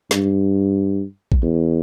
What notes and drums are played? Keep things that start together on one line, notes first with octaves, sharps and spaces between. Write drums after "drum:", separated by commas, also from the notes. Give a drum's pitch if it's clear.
G2, drum: snare
drum: kick A1
E2